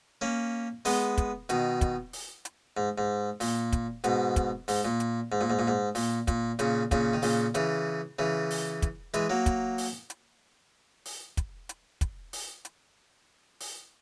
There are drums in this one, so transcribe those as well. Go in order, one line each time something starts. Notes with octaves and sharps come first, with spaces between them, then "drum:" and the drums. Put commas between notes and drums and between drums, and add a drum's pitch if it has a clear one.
A#3 C#4
G#3 B3, drum: open hi-hat
drum: kick, hi-hat
B2 D#3, drum: hi-hat
drum: kick, hi-hat
drum: open hi-hat
drum: hi-hat
G#2
G#2
A#2, drum: open hi-hat
drum: kick, hi-hat
G#2 B2, drum: hi-hat
drum: kick, hi-hat
G#2, drum: open hi-hat
A#2
drum: hi-hat
G#2
A#2
G#2
A#2
G#2
A#2, drum: open hi-hat
A#2, drum: kick, hi-hat
A#2 C#3, drum: hi-hat
A#2 C#3, drum: kick, hi-hat
D#3
A#2 C#3, drum: open hi-hat
C#3 E3, drum: hi-hat
C#3 E3
drum: open hi-hat
drum: kick, hi-hat
E3 G#3, drum: hi-hat
F#3 A#3
drum: kick, hi-hat
drum: open hi-hat
drum: hi-hat
drum: open hi-hat
drum: kick, hi-hat
drum: hi-hat
drum: kick, hi-hat
drum: open hi-hat
drum: hi-hat
drum: open hi-hat